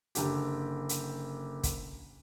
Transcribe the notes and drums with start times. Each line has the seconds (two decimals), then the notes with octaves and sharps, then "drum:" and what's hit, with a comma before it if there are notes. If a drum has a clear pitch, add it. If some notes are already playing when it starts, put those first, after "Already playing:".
0.15 F#1 D3 G4, drum: hi-hat
0.89 drum: hi-hat
1.63 drum: kick, hi-hat